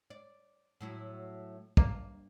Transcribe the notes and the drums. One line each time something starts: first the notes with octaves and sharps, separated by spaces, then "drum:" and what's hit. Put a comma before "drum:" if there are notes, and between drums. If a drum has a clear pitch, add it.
D5
A2 F#3 E4
G2 A#3, drum: kick